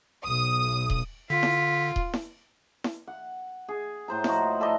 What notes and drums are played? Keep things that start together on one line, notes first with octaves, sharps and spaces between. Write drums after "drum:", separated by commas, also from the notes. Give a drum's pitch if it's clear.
B1 D#6
drum: kick D#1
D3 F4 B6
drum: snare E4
drum: kick D#1
drum: snare E4
drum: snare E4
F#5
G#4
A2 C5 A#5
F3 D#4 F#4, drum: snare E4
E4 A4 D5 D#5